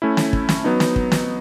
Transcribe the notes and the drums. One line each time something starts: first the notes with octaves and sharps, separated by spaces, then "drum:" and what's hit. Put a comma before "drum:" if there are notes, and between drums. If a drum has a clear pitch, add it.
A3 C#4 E4
drum: snare
drum: kick
drum: snare
F#3 B3 D#4
drum: snare
drum: kick
drum: snare